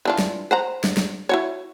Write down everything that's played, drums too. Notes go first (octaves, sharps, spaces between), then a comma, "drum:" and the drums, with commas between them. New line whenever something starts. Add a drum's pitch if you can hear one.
E3 D4 F4
drum: snare
C5 F#5 A#5
drum: snare
drum: snare
E4 F#4 C#5